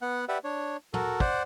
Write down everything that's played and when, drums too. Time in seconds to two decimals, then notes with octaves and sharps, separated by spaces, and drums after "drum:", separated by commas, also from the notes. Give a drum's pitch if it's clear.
0.02 B3 F#5
0.29 G4 B4 D5 E5 F#5
0.44 D4 C#5
0.94 F#4 A4 A#4, drum: tom
1.20 C5 D5 F#5, drum: kick